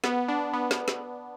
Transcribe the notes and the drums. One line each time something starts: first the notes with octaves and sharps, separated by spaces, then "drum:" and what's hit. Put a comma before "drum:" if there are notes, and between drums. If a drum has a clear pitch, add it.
B3, drum: snare
D4
B3
drum: snare
drum: snare